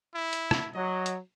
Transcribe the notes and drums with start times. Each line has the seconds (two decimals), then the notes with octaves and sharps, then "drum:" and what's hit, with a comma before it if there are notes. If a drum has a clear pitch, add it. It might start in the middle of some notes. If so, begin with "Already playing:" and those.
0.15 E4
0.33 drum: hi-hat
0.51 drum: rim click
0.74 F#3 D#5
1.06 drum: hi-hat